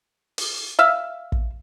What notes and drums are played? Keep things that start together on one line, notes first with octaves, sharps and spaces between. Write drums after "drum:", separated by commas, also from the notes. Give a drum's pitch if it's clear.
drum: open hi-hat
E5 F5
drum: kick